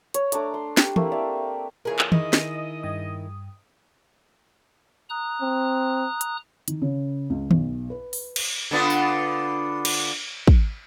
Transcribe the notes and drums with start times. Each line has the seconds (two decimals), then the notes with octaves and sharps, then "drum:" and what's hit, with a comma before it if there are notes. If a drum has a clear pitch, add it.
0.14 C#5, drum: hi-hat
0.32 A3 D4 A#5 D6, drum: hi-hat
0.54 C6
0.77 G4, drum: snare
0.96 A3 A#3 C4 E4, drum: tom
1.12 D5 E5 F5
1.85 A#2 C#3 E3 G#4 A#4
1.99 drum: clap
2.12 D#3 E4 D#5, drum: tom D#3
2.33 drum: snare
2.83 G2 D#6
5.10 A#5 D#6 F#6
5.42 C4
6.21 drum: hi-hat
6.68 D#3, drum: hi-hat
6.82 C#3
7.30 C#2
7.51 B1, drum: tom D#3
7.90 B4
8.13 drum: open hi-hat
8.36 drum: cymbal
8.71 D3 B3 F4
8.90 drum: tambourine
9.85 drum: cymbal
10.48 drum: kick